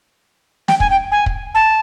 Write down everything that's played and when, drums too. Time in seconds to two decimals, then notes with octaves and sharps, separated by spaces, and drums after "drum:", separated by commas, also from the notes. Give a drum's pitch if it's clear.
0.68 G5, drum: snare
0.80 G#5, drum: kick
0.90 G5
1.12 G#5
1.26 drum: kick
1.55 A5